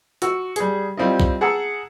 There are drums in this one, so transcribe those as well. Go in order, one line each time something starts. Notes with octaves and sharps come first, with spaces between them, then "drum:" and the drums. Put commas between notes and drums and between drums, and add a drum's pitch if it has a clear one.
F#4 E6, drum: hi-hat
G3 G#4, drum: hi-hat
G3 C4 E4 F4 D#5
drum: kick
G#4 F#5 A5 A#5 E6